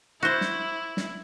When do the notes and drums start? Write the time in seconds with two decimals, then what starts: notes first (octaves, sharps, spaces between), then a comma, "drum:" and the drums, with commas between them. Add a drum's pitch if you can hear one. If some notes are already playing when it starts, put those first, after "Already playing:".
0.23 E4 F#4 C5
0.41 drum: snare
0.97 drum: snare